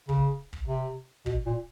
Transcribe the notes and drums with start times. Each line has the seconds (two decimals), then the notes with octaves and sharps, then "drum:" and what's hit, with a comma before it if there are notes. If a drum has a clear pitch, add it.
0.09 C#3, drum: kick
0.53 drum: kick
0.68 C3
1.26 B2, drum: kick
1.46 A#2